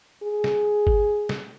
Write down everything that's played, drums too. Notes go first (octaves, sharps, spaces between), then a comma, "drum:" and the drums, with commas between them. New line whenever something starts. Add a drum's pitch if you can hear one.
G#4
drum: snare
drum: kick G#1
drum: snare